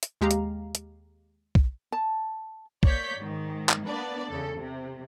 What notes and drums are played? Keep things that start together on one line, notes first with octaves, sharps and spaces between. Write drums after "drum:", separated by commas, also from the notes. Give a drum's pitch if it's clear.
drum: hi-hat
D#2 G#3 G4 F5 A#5
drum: hi-hat
drum: hi-hat
drum: kick
A5
A#3 C#5 D5 G6 B6, drum: kick
G#2 D#3
drum: clap
A#3 B3 D4 B4 D5
E2 C#3 A4
C3